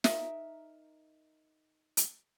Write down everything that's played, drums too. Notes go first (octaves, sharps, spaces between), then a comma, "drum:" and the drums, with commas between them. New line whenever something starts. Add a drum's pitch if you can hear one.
D#4 A#4 E5, drum: snare
drum: hi-hat